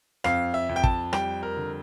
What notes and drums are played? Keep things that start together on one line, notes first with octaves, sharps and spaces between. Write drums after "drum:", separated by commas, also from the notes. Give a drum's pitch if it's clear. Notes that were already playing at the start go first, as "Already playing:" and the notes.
F2 F5, drum: rim click
E5
F2
G5
A5, drum: kick
G3 G5, drum: rim click
A#4
D3